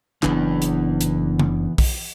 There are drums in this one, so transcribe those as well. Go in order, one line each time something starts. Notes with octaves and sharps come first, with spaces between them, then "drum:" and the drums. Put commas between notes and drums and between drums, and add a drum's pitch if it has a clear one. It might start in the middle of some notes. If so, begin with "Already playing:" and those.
F#1 F#2 E3 B3 D4, drum: clap
drum: hi-hat
drum: hi-hat
drum: tom C#3
drum: kick, open hi-hat